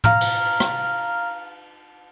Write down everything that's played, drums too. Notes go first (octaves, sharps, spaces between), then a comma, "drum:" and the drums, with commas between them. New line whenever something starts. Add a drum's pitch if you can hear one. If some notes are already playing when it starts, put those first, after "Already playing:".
F5 A#5 F6, drum: tom
drum: cymbal
drum: rim click